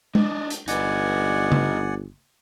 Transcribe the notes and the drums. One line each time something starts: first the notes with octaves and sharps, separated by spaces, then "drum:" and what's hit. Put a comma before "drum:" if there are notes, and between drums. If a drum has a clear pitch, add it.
D4 D#4, drum: tom G#3
drum: hi-hat
G1 D#4 B4 D5 F#5 G#5, drum: hi-hat
drum: tom C#3